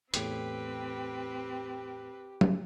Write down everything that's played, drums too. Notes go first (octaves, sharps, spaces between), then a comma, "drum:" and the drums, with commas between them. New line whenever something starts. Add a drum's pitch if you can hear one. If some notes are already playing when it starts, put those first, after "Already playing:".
E2 A2 C4 G4 B4 G5, drum: hi-hat
drum: tom F#3